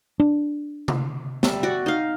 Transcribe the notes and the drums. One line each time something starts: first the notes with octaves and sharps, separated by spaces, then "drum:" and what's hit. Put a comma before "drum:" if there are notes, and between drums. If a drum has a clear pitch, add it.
D4
drum: tom C3
G3 E5, drum: snare
F#4 D5
D#4 F5